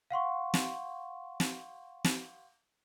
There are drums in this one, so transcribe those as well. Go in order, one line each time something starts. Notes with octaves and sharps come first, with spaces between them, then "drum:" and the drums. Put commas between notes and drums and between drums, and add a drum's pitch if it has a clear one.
F5 F#5 C6 C#6
drum: snare
drum: snare
drum: snare